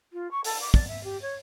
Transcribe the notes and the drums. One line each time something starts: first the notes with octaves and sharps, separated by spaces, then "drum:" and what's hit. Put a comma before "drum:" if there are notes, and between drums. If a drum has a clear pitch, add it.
F4
C#6
A4, drum: open hi-hat
D6
D5, drum: kick
E5
G4
C#5